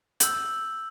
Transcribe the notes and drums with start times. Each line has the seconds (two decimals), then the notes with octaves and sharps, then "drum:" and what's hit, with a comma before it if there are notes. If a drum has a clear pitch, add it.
0.20 E6 G6 F#7, drum: hi-hat